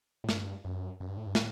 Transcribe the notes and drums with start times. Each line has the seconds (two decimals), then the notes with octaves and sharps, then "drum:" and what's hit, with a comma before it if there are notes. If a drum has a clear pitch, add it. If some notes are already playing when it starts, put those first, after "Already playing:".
0.24 A2
0.29 G2, drum: snare
0.65 F#2
1.00 F#2
1.09 G2
1.17 A2
1.26 G2
1.35 A2, drum: snare